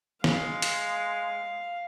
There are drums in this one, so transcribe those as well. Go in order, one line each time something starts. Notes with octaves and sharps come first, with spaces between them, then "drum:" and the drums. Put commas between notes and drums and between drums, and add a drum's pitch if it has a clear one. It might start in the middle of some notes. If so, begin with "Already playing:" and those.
G#3 F5, drum: snare
drum: hi-hat